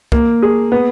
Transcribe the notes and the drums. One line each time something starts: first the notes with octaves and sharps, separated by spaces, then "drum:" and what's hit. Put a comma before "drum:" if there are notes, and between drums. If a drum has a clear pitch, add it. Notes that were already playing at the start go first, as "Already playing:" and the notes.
A#3, drum: kick
G#4
B3